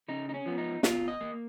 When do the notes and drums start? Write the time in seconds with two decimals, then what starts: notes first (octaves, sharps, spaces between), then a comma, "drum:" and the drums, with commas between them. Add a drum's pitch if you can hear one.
0.08 C#3 D#4
0.29 D#4
0.34 C#4
0.46 F3 B3
0.58 D#4
0.83 B2 F4, drum: snare
1.08 D#5
1.21 A#3